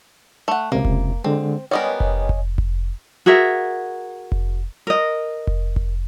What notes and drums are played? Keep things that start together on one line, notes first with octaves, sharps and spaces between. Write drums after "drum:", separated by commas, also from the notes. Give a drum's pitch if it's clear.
A3 F#5
C#2 C3 A#3
drum: kick F1
D3 G#3 C4
G3 B3 A#4 C#5 D#5 G#5
drum: kick F1
drum: kick F1
drum: kick F1
F#4 G#4 A#4 E5
drum: kick F1
A#4 D#5
drum: kick F1
drum: kick F1